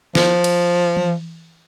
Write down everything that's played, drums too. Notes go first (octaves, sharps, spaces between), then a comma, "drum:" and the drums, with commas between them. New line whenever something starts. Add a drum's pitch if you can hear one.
F3, drum: snare
drum: cymbal
drum: tom E3